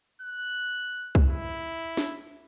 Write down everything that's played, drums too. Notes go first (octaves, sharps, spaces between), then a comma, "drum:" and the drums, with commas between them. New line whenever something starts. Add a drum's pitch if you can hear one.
F#6
drum: kick C2
E4
drum: snare